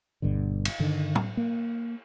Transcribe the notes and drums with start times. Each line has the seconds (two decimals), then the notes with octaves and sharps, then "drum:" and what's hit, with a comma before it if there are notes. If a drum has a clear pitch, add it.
0.22 G1 G2 B2 D3
0.65 drum: cymbal
0.79 G2 D3 D#3
1.15 drum: tom
1.37 A#3